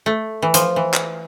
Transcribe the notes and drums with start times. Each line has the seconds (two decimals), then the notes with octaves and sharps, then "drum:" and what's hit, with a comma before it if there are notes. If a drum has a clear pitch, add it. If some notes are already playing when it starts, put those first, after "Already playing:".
0.06 A3
0.42 E3
0.54 F3, drum: hi-hat
0.76 E3
0.93 drum: clap